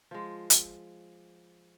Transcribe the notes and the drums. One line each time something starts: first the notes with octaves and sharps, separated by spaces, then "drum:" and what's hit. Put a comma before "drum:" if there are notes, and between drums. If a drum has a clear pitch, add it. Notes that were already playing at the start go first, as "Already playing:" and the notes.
F3 G#3
drum: hi-hat